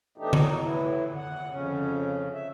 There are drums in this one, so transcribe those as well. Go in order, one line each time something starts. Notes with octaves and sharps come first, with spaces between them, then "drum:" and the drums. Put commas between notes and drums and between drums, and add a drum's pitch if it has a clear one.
B2 E3 A3 D4 D#4 G4
F#3 D#4, drum: tom D3
A2 E3 E4
F#5
F2 C#3 C#4
E5